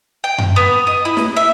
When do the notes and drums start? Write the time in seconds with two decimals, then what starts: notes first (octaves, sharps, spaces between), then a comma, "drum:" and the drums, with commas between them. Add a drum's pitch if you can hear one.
0.24 G5
0.38 drum: tom F#2
0.56 B3
0.87 D#5
1.05 E4
1.17 drum: snare
1.36 E5